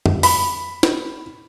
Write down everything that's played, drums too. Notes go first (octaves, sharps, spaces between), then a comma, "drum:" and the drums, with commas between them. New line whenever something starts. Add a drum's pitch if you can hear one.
drum: tom F2
B5, drum: open hi-hat
drum: snare